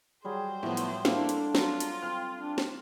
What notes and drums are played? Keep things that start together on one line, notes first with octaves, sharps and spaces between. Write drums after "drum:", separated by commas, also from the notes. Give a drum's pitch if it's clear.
F#3 G3 G#4 C5
A2 F3 B3
drum: hi-hat
A#3 C4 D4 E4 A4 F5, drum: snare
drum: hi-hat
F#3 F4, drum: snare
drum: hi-hat
C4 F6
D4
drum: snare